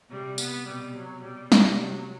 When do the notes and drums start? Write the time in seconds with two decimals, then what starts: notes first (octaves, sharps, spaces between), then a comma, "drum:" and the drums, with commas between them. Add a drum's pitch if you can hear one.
0.10 C3 G3
0.38 B3, drum: tambourine
0.67 B2 G3
0.96 F#3
1.23 B2 G3
1.52 C3 G3, drum: snare
1.80 F#3